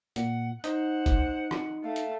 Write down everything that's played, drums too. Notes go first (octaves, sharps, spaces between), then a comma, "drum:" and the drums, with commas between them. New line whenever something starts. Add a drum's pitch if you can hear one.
A#2 F#5, drum: hi-hat
D#4 C5 F#5, drum: hi-hat
drum: kick, hi-hat
drum: rim click
A3 F5
drum: hi-hat